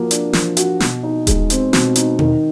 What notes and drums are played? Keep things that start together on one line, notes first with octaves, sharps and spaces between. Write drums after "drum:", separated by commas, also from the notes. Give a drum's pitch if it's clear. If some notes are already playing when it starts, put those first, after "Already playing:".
Already playing: F3 A#3 F#4
D4, drum: hi-hat
F3, drum: snare
F#4, drum: hi-hat
B2, drum: snare
D#4
G#3, drum: kick D#1, hi-hat
C4, drum: hi-hat
B2, drum: snare
D#4, drum: hi-hat
D#3, drum: tom B2